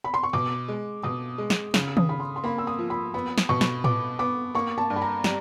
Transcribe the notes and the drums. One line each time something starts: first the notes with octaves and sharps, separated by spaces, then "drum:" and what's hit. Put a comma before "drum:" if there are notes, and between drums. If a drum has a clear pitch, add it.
B5
C6
C#6
B2 D6
G#3
B2 D#6
G#3
drum: snare
C#3, drum: snare
D#6, drum: tom D#3
C#3 B5
C6
C6
A#3 B5
E6
D#6
F3
B5
B3 B5
drum: snare
B2 C#6
drum: snare
B3 D6, drum: tom A2
B3 D6
A#3 C#6
A5
G2
B5
A#5
G3 A#5, drum: snare